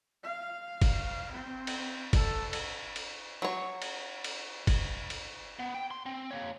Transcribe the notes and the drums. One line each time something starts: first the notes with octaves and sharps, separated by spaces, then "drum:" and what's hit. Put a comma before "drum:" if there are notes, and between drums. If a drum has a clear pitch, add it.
F5
drum: kick F#1, cymbal
C4
drum: cymbal
A4, drum: kick F#1, cymbal
drum: cymbal
drum: cymbal
F#3 C#5
drum: cymbal
drum: cymbal
drum: kick F#1, cymbal
drum: cymbal
B3
G5
C6
C4
A#3 C#5